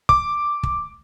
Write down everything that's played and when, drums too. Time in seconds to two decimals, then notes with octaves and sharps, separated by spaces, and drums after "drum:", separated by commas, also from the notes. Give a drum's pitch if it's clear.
0.09 D6, drum: kick
0.63 drum: kick